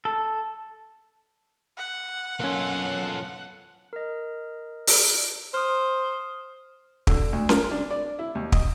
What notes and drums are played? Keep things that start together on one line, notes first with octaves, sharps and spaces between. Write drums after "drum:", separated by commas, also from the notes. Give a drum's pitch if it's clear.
A4
F#5
B1 A#3 C#4 F4 A4
A#4 D#5
drum: open hi-hat
C5 D#6 F6
D3, drum: kick
D2
A#4, drum: snare C#4
D4
D5
E4
D#2
D#5, drum: kick